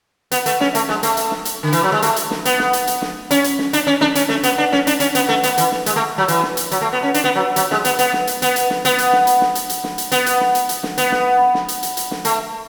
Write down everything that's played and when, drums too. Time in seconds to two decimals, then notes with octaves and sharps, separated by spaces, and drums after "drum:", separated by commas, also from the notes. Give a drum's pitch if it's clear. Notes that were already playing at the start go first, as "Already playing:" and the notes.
0.31 B3, drum: hi-hat
0.46 A3, drum: hi-hat
0.60 C#4, drum: snare
0.75 A3, drum: hi-hat
0.89 G#3, drum: snare
1.03 A3, drum: hi-hat
1.17 drum: hi-hat
1.31 drum: snare
1.45 drum: hi-hat
1.63 D3
1.73 E3, drum: hi-hat
1.83 F#3
1.92 G#3
2.02 A3, drum: hi-hat
2.16 drum: hi-hat
2.31 drum: snare
2.45 B3, drum: hi-hat
2.59 drum: snare
2.73 drum: hi-hat
2.87 drum: hi-hat
3.02 drum: snare
3.31 C#4, drum: hi-hat
3.44 drum: hi-hat
3.58 drum: snare
3.73 D4, drum: hi-hat
3.87 C#4
4.01 D4, drum: snare
4.15 C#4, drum: hi-hat
4.29 A3, drum: snare
4.43 B3, drum: hi-hat
4.58 D4
4.72 C#4, drum: snare
4.87 D4, drum: hi-hat
5.00 C#4, drum: hi-hat
5.15 B3, drum: hi-hat
5.29 A3, drum: snare
5.43 B3, drum: hi-hat
5.58 E3, drum: hi-hat
5.72 drum: snare
5.86 G#3, drum: hi-hat
5.96 A3
6.18 F#3
6.28 E3, drum: hi-hat
6.43 drum: snare
6.57 drum: hi-hat
6.71 F#3, drum: hi-hat
6.81 A3
6.93 B3
7.03 C#4
7.14 D4, drum: hi-hat
7.24 B3
7.35 F#3
7.56 F#3, drum: hi-hat
7.71 G#3, drum: snare
7.85 B3, drum: hi-hat
7.99 B3, drum: hi-hat
8.13 drum: snare
8.27 drum: hi-hat
8.42 B3, drum: hi-hat
8.56 drum: hi-hat
8.70 drum: snare
8.85 B3, drum: hi-hat
8.98 drum: hi-hat
9.13 drum: snare
9.27 drum: hi-hat
9.41 drum: snare
9.55 drum: hi-hat
9.69 drum: hi-hat
9.84 drum: snare
9.98 drum: hi-hat
10.12 B3, drum: hi-hat
10.26 drum: hi-hat
10.41 drum: snare
10.55 drum: hi-hat
10.69 drum: hi-hat
10.83 drum: snare
10.98 B3, drum: hi-hat
11.12 drum: snare
11.54 drum: snare
11.68 drum: hi-hat
11.83 drum: hi-hat
11.97 drum: hi-hat
12.11 drum: snare
12.25 A3, drum: hi-hat